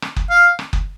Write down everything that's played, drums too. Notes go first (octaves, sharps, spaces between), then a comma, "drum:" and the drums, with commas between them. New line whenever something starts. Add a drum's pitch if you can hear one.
drum: rim click
drum: kick F#1
F5
drum: rim click
drum: kick F#1